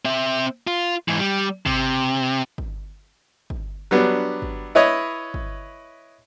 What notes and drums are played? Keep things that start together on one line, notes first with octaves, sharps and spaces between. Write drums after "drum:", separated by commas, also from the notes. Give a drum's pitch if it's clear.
C4 E5
F4
G#2 E3
G3
C3, drum: kick
drum: kick
drum: kick
F#3 G3 B3 D4
drum: kick
E4 B4 C#5 D#5
drum: kick